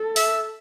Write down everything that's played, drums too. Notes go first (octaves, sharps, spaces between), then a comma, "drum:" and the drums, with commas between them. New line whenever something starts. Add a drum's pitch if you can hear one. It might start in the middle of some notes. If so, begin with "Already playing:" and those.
Already playing: A4
E5, drum: open hi-hat